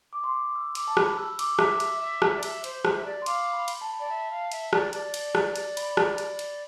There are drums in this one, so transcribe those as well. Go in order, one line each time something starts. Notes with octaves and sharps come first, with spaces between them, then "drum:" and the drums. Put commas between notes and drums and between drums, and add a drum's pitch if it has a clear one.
D6
C6
D6
E6
D6, drum: cymbal
A5
B5, drum: rim click
E6
D6, drum: cymbal
E5 D6, drum: rim click
drum: cymbal
E5
drum: rim click
D5
E5, drum: cymbal
C5, drum: cymbal
C5, drum: rim click
E5
D5
C6
F5 D6, drum: cymbal
B5
drum: cymbal
A5
B5
D5
E5 A5
F5
E5, drum: cymbal
D5, drum: rim click
D5, drum: cymbal
drum: cymbal
drum: rim click
drum: cymbal
B5, drum: cymbal
drum: rim click
drum: cymbal
drum: cymbal